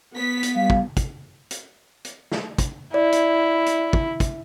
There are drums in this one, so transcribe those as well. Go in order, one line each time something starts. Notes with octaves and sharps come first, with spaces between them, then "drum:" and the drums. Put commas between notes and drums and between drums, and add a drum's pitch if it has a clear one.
B3 B6
drum: hi-hat
G3 F5
drum: kick
drum: kick, hi-hat
drum: hi-hat
drum: hi-hat
drum: snare
drum: kick, hi-hat
E4 D5
drum: hi-hat
drum: hi-hat
drum: kick
drum: kick, hi-hat